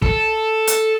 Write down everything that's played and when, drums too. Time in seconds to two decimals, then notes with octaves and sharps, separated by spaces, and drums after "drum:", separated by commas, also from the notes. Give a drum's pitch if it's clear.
0.02 A4, drum: kick
0.68 drum: hi-hat